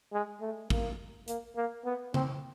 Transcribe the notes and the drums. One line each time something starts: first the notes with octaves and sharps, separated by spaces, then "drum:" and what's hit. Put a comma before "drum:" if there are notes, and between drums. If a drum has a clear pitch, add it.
G#3
A3
A#3, drum: kick
A#3, drum: hi-hat
A#3
B3
C4, drum: tom C#3